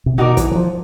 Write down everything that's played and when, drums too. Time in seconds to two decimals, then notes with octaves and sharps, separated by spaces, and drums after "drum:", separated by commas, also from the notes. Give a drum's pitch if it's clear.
0.06 C3
0.18 B2 D#4 F#4 A#4 D5
0.37 E3, drum: kick, hi-hat
0.51 E3
0.55 F3